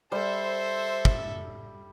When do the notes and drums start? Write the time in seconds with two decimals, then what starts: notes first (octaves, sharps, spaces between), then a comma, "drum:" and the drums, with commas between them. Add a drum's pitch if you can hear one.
0.12 G3 A4 C5 E5
1.05 drum: kick